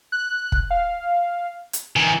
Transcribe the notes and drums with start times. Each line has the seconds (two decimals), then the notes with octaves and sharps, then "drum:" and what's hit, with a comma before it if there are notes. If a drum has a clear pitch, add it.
0.12 F#6
0.52 drum: kick
0.71 F5
1.73 drum: hi-hat
1.96 D#3 E3 G#5